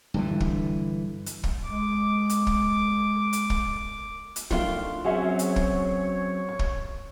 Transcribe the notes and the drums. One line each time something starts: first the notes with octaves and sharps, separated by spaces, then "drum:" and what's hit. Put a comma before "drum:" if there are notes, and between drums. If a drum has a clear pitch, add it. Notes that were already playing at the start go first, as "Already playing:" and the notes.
G2 D3 E3
drum: kick
drum: hi-hat
drum: kick
G#3 D6
drum: hi-hat
drum: kick
drum: hi-hat
drum: kick
drum: hi-hat
D#3 F3 A3 D4 F4, drum: kick
F#3 C4 C#4 F#4 G#4 C#5 E5
drum: hi-hat
drum: kick
C#6
drum: kick